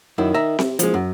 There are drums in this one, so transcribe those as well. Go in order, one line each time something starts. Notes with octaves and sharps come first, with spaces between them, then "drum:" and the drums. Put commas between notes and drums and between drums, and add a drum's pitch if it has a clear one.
F#2 D#3 E4
E5 A#5
C3, drum: snare C4
F#1 F3 G#3, drum: hi-hat
F#2